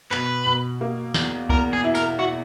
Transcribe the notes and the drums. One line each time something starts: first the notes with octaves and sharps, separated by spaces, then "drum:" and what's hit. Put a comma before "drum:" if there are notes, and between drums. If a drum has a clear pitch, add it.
B2 B4, drum: clap
B2
A#3
E2, drum: snare
E2 A#4, drum: kick C2
G#4
E4
A#4, drum: tambourine
E4 F#4